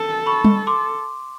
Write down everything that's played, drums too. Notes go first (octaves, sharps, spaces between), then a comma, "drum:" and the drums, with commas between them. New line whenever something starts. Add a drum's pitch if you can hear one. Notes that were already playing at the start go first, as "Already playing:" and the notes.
Already playing: A4
B5 C#6
drum: tom G3
C6 D6